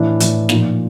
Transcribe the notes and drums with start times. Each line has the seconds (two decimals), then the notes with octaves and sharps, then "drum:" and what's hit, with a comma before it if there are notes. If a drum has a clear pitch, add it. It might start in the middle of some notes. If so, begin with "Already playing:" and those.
Already playing: A2 E3 D4 E4
0.20 A2 E3, drum: hi-hat
0.49 A#2 F3 D#4 F4, drum: snare